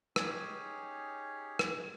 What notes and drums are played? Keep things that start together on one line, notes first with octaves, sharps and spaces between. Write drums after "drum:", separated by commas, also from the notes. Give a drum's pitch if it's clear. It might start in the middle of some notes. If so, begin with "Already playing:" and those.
C#4 D#4 G4 G#4 C#5, drum: rim click
drum: rim click